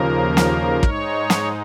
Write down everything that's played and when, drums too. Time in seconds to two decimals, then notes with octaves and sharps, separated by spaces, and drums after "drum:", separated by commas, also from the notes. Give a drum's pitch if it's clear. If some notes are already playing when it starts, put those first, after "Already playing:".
Already playing: D#2 C#3 F3 A#3 A#4
0.37 drum: snare
0.83 G#2 G#3 D#4 C#5, drum: kick
1.30 drum: snare